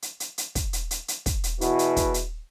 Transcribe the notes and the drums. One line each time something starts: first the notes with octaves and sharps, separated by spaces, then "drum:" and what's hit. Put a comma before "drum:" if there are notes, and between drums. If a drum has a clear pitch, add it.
drum: hi-hat
drum: hi-hat
drum: hi-hat
drum: kick, hi-hat
drum: hi-hat
drum: hi-hat
drum: hi-hat
drum: kick, hi-hat
drum: hi-hat
E2 B2 E4 F#4, drum: hi-hat
drum: hi-hat
drum: kick, hi-hat
drum: hi-hat